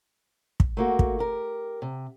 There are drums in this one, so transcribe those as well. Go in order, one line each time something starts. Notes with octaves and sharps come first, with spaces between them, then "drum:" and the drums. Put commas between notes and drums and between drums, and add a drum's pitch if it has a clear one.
drum: kick
A3 A#3 F#4
drum: kick
G4 A#4
C3